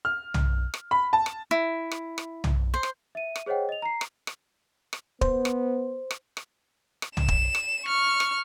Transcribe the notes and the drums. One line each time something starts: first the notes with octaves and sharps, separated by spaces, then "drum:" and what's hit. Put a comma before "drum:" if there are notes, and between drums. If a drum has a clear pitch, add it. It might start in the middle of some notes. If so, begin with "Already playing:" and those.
F6
drum: tom
drum: rim click
B5
A5
drum: rim click
E4
drum: rim click
drum: rim click
drum: tom
C5
drum: rim click
E5 D#7
drum: rim click
G#4 C5 C#5 D#5 F#5 G5
D#5 F7
A#5 C7
drum: rim click
drum: rim click
drum: rim click
B3 C5, drum: kick
drum: rim click
drum: rim click
drum: rim click
drum: rim click
E7, drum: tom
drum: kick
drum: rim click
C#6 F6
drum: rim click